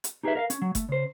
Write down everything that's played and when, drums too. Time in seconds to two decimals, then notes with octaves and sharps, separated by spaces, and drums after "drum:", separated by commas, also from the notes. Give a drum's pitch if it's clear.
0.04 drum: hi-hat
0.23 D#4 G4 G#4 A#4 B4 E5
0.35 A#4 E5 F5
0.50 C#4, drum: hi-hat
0.62 F#3
0.75 A3, drum: kick F#1, hi-hat
0.89 C#3 C5